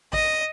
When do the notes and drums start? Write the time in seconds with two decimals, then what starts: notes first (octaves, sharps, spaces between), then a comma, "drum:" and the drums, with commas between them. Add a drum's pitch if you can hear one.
0.13 D#5, drum: kick